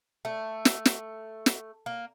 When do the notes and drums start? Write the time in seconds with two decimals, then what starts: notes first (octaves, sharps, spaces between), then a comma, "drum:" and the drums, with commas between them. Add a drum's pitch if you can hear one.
0.25 A3
0.65 drum: snare
0.85 drum: snare
1.46 drum: snare
1.86 A#3